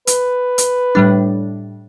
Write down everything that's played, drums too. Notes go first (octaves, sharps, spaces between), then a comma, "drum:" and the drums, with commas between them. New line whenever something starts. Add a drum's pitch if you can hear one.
B4, drum: hi-hat
drum: hi-hat
A2 G3 D4